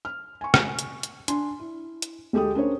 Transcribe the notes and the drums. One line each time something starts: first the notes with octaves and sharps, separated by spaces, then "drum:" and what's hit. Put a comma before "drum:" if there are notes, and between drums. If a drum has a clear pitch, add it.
F6
G#5 C#6
drum: rim click
drum: hi-hat
drum: hi-hat
D4 G#5 C6, drum: hi-hat
E4
drum: hi-hat
D2 G#3 G4 A4 G5 D#6
C#4 D4 A#4 C5 C#5